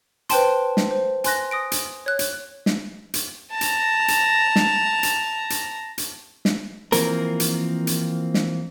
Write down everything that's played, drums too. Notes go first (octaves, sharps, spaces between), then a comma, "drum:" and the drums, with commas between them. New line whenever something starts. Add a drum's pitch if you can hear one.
B4 C5 G5 A5 C6, drum: hi-hat
drum: snare
C5
G#5 C6 F#6 A#6, drum: hi-hat
D#6 A#6 D7
drum: hi-hat
C#5 F#6
drum: hi-hat
drum: snare
drum: hi-hat
A5 A#5
drum: hi-hat
drum: hi-hat
drum: snare
drum: hi-hat
drum: hi-hat
drum: hi-hat
drum: snare
E3 F3 A#3 C4 A#4, drum: hi-hat
drum: hi-hat
drum: hi-hat
drum: snare